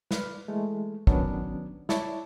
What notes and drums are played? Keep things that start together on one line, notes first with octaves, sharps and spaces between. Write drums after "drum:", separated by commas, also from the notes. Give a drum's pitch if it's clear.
B4 D5 F6, drum: snare
E3 G#3 A3
D#3 F#3 B3 C#4 D4, drum: kick
E4 C#5 D5 A5, drum: snare